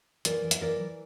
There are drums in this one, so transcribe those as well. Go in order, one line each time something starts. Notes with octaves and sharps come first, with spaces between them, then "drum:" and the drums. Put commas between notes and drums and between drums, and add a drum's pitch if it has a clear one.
E3 A#4 D5, drum: hi-hat
E3
E5, drum: hi-hat
E3 A#4 D5
E3